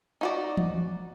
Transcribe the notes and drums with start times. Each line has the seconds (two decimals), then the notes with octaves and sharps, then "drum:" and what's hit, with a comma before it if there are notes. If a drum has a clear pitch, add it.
0.21 D#4 F#4 D5
0.57 drum: tom E3